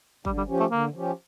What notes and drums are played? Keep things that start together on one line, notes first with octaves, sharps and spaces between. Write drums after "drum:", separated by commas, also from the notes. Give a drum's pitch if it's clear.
D3 G3, drum: kick
G3
F3 C#4 G4
A3
D3 A#3
F3 C#4 G4